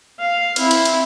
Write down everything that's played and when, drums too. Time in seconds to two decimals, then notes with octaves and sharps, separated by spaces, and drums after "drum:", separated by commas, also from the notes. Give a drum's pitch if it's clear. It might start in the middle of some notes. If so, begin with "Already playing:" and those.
0.19 F5
0.56 C4 E4, drum: cymbal
0.71 drum: cymbal
0.85 drum: cymbal